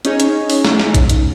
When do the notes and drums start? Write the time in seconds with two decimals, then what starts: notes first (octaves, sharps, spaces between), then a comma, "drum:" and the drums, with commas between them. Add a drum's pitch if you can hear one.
0.05 C#4 D#4 G#4 C#5, drum: hi-hat
0.20 drum: hi-hat
0.50 drum: open hi-hat
0.65 drum: snare
0.80 drum: snare
0.95 drum: kick A#1, hi-hat
1.09 drum: hi-hat